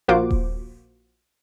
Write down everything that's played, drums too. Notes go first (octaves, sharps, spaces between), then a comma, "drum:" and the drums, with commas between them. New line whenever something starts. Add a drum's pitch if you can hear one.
A#1 A#3 F4 F#4 C5 D6
drum: kick D#1